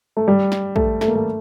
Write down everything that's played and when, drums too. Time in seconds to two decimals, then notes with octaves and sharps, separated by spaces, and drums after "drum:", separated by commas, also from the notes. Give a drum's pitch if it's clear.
0.17 A3
0.28 G3
0.52 drum: snare
0.76 A3, drum: kick
1.01 A3, drum: snare
1.08 A#3
1.15 A3